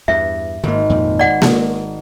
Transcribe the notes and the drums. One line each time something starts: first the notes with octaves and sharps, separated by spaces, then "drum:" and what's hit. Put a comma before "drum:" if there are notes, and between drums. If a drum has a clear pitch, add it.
E2 G2 E5
G#1 D#3 A#3
F2 A#2
D5 F#5
G#3, drum: snare A#3